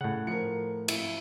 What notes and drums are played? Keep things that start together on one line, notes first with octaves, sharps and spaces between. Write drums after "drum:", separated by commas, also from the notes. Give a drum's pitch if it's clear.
A2 C#3 F#5
F3 A#4 C#7
E4, drum: cymbal